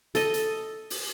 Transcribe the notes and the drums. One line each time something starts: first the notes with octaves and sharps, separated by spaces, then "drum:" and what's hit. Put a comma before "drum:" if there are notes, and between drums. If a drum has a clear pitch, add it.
A4 D#5, drum: hi-hat
drum: hi-hat
drum: open hi-hat